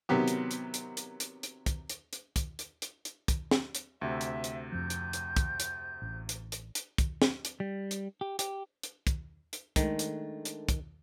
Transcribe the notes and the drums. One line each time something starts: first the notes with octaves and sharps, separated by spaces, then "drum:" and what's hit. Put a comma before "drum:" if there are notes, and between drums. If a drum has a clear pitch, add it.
C3 D#3 F#3 B3 G4
drum: hi-hat
drum: hi-hat
drum: hi-hat
drum: hi-hat
drum: hi-hat
drum: hi-hat
drum: kick, hi-hat
drum: hi-hat
drum: hi-hat
drum: kick, hi-hat
drum: hi-hat
drum: hi-hat
drum: hi-hat
drum: kick, hi-hat
drum: snare
drum: hi-hat
D2 C3 E5
drum: hi-hat
drum: hi-hat
F2 F3 G6
drum: hi-hat
drum: hi-hat
drum: kick, hi-hat
drum: hi-hat
A1
drum: hi-hat
drum: hi-hat
drum: hi-hat
drum: kick, hi-hat
drum: snare
drum: hi-hat
G3
drum: hi-hat
G4
G4, drum: hi-hat
drum: hi-hat
drum: kick, hi-hat
drum: hi-hat
D#3 G#3 A3 D4, drum: kick, hi-hat
drum: hi-hat
drum: hi-hat
drum: kick, hi-hat